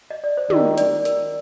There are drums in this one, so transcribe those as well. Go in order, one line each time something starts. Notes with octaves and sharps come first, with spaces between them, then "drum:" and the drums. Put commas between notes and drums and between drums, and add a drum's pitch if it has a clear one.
D#5
D5
C5
D#3 A#4, drum: tom
D5, drum: hi-hat
A#4, drum: hi-hat